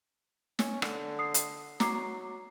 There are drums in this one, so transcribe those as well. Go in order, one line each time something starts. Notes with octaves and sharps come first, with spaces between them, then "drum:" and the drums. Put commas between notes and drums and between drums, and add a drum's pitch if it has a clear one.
C#4, drum: snare
D3, drum: rim click
D#6 C7
drum: hi-hat
F#3 A#5 D6 C7, drum: snare